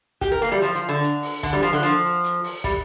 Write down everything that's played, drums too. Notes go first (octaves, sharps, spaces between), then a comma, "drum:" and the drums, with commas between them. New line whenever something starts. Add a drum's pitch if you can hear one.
G4, drum: kick, hi-hat
A#4
A#3, drum: hi-hat
G3
F3, drum: hi-hat
F3
D3
drum: hi-hat
drum: open hi-hat
D3, drum: kick
G3
F3, drum: hi-hat
D3
F3, drum: hi-hat
drum: hi-hat
drum: open hi-hat
G3, drum: kick, hi-hat